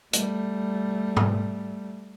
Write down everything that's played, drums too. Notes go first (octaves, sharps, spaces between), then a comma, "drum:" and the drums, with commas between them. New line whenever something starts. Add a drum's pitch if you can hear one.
G3 A3, drum: hi-hat
drum: tom